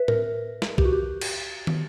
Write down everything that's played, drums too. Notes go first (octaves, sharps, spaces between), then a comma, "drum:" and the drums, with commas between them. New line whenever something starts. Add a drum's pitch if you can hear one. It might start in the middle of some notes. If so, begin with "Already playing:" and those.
Already playing: B4 E5
A#4, drum: tom A2
drum: snare
G4, drum: kick
F#4
G4
drum: cymbal
drum: tom